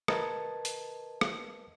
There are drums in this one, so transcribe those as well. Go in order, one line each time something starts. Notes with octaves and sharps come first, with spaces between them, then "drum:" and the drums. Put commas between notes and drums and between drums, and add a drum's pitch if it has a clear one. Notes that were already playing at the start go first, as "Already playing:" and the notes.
A#4 B4 D#5 A5 G#6, drum: rim click
drum: hi-hat
drum: rim click